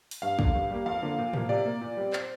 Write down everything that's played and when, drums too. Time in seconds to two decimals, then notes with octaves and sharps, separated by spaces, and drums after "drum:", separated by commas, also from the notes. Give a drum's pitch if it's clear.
0.11 drum: open hi-hat
0.22 G2 F5
0.39 D3 A#3, drum: kick
0.54 G2
0.70 G3 A#3
0.86 F2 F5
1.02 D3 F3 A#3
1.18 A#2
1.33 F3 A#3, drum: tom A2
1.49 C3 D5
1.65 A#3
1.81 A#2
1.97 G3 C4
2.13 C5, drum: clap